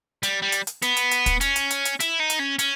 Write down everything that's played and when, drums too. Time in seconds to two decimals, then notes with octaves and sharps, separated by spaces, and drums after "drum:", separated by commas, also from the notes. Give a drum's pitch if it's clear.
0.23 G3, drum: hi-hat
0.42 G3
0.52 drum: hi-hat
0.67 drum: hi-hat
0.82 B3, drum: hi-hat
0.97 drum: hi-hat
1.11 drum: hi-hat
1.26 drum: kick, hi-hat
1.41 C#4, drum: hi-hat
1.56 drum: hi-hat
1.70 drum: hi-hat
1.85 drum: hi-hat
2.00 E4, drum: hi-hat
2.20 D#4
2.30 drum: hi-hat
2.40 C#4
2.59 C#4, drum: hi-hat